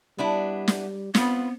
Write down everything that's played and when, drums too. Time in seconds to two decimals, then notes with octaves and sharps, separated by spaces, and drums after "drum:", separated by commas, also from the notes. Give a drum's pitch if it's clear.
0.18 G3 B3 D4 E4
0.68 drum: snare
1.15 B3 C4 F4 B4, drum: snare